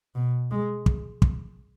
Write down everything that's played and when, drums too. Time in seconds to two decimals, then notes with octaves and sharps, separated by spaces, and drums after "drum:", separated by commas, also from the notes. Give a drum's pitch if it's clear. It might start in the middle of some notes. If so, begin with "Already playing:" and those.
0.15 B2
0.51 G#3
0.86 drum: kick
1.22 drum: kick